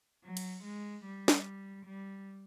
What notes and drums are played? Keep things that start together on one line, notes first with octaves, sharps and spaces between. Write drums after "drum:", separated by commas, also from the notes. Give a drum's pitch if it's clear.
F#3
drum: cymbal
G#3
G3
drum: snare
G3